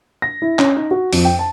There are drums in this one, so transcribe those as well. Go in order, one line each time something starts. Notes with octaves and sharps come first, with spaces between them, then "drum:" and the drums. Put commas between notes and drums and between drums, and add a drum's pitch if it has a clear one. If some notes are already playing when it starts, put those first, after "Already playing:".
A#6
E4
C#4, drum: clap
D#4
F#4
F2, drum: open hi-hat
G5
A5